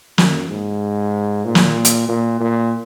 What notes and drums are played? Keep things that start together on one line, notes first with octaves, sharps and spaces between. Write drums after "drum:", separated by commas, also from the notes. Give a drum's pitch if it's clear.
F#2, drum: snare
G#2
A#2
drum: snare
drum: hi-hat
A#2
A#2